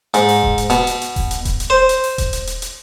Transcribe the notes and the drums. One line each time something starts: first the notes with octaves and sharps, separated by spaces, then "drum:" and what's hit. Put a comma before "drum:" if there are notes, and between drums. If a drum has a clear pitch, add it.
G#2, drum: hi-hat
drum: open hi-hat
drum: kick D#1
drum: hi-hat
B2, drum: hi-hat
drum: hi-hat
drum: hi-hat
drum: kick D#1, open hi-hat
drum: hi-hat
drum: kick D#1, hi-hat
drum: hi-hat
C5
drum: hi-hat
drum: open hi-hat
drum: kick D#1, hi-hat
drum: hi-hat
drum: hi-hat
drum: hi-hat